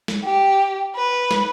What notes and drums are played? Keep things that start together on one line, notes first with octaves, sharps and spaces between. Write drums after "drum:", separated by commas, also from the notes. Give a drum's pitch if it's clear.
drum: snare
G4
B4
drum: snare